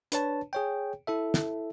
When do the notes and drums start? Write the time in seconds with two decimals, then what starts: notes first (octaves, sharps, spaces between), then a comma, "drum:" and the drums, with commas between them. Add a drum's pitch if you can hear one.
0.12 D4 B4 C#5 A5, drum: hi-hat
0.53 G#4 C#5 G5
1.07 E4 A4 E5
1.34 drum: snare